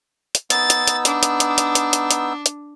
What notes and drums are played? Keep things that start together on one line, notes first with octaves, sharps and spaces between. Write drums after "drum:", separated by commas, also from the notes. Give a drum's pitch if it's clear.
drum: hi-hat
B3 D#4 E6 A6, drum: hi-hat
drum: hi-hat
drum: hi-hat
D4, drum: hi-hat
drum: hi-hat
drum: hi-hat
drum: hi-hat
drum: hi-hat
drum: hi-hat
drum: hi-hat
drum: hi-hat